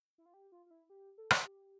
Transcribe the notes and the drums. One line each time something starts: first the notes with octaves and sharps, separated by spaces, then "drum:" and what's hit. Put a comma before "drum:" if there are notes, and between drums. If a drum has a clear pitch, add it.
E4
F4
G4
F4
F4
E4
G4
A4
drum: rim click
G4